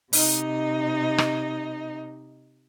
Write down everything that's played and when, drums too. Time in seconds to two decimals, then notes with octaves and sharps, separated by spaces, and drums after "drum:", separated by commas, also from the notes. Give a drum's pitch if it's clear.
0.13 C3 D#4 D#5, drum: open hi-hat
1.18 drum: rim click